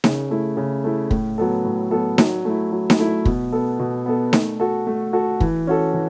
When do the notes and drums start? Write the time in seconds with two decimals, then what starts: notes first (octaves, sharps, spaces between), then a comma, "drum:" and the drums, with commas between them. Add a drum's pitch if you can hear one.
0.04 C#3, drum: snare D#4
0.30 A3 E4
0.57 C#3
0.84 A3 E4
1.11 A2, drum: kick
1.38 F#3 B3 A4
1.65 A2
1.91 F#3 B3 A4
2.18 F#3, drum: snare D#4
2.45 A3 E4
2.72 F#3
2.90 drum: snare D#4
2.99 A3 E4
3.25 B2, drum: kick
3.52 B3 A4
3.79 B2
4.06 B3 A4
4.33 A3, drum: snare D#4
4.60 F#4 A4
4.87 A3
5.13 F#4 A4
5.40 E3, drum: kick
5.67 C#4 F#4 A4
5.94 E3